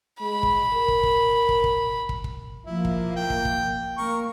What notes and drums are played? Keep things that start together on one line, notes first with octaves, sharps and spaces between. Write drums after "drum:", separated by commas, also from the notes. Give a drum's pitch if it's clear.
G#3 B5
drum: kick
A#4
drum: kick
drum: kick
drum: kick
drum: kick
drum: kick
drum: kick
F3 A#3 E4
drum: kick
G5
drum: kick
drum: kick
A#3 A#4 C#6